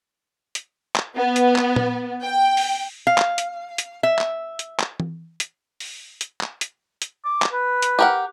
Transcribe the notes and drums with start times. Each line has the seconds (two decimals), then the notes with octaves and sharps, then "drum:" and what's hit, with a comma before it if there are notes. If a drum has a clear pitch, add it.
0.55 drum: hi-hat
0.96 drum: clap
1.16 B3
1.36 drum: hi-hat
1.56 drum: clap
1.76 drum: tom
2.24 G5
2.57 drum: open hi-hat
3.07 F5
3.18 drum: clap
3.38 drum: hi-hat
3.78 drum: hi-hat
4.03 E5
4.19 drum: clap
4.59 drum: hi-hat
4.79 drum: clap
5.00 drum: tom E3
5.40 drum: hi-hat
5.80 drum: open hi-hat
6.21 drum: hi-hat
6.41 drum: clap
6.61 drum: hi-hat
7.02 drum: hi-hat
7.25 D6
7.42 drum: clap
7.52 B4
7.82 drum: hi-hat
7.99 G4 A#4 F#5